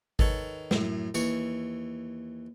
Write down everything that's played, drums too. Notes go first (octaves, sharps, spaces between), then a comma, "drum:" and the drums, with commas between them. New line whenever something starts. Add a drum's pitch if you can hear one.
D#3 A4 B4 C#5, drum: kick G#1
F#2 A2, drum: snare
D#2 E3 C#6, drum: tambourine